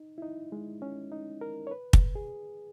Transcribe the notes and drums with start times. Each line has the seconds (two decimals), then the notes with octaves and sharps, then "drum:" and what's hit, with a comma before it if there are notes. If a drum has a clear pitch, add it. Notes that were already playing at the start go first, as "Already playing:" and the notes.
Already playing: D#4
0.18 E4
0.22 D#4
0.52 G#3
0.82 C#4
1.12 D#4
1.41 A#4
1.67 C#5
1.71 B4
1.93 drum: kick
2.15 G#4